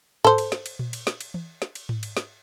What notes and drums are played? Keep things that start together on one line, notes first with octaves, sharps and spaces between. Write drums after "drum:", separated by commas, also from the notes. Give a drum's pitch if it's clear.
A4 C5, drum: tom G#2
drum: cymbal
drum: snare
drum: cymbal
drum: tom A#2
drum: cymbal
drum: snare
drum: cymbal
drum: tom E3
drum: snare
drum: cymbal
drum: tom G#2
drum: cymbal
drum: snare